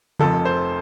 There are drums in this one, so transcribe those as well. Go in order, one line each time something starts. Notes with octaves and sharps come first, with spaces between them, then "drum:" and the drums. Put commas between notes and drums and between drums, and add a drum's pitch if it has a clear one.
F1 F2 F3 A4, drum: tom C#3
C5